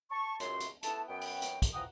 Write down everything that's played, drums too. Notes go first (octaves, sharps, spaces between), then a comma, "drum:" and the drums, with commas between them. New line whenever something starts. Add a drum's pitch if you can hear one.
A5 C#6
C#2 F#2 C6, drum: hi-hat
drum: hi-hat
A3 B3 E4 A4 A5, drum: hi-hat
F#2 B3 G5
drum: open hi-hat
drum: hi-hat
drum: kick, hi-hat
E3 F3 F#5 G5 A#5 D#6